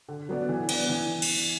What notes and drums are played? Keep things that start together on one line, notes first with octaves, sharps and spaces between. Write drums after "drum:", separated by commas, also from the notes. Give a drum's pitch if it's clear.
D3
F#3 B3 D4
E3
B3 D4, drum: cymbal
E3
drum: cymbal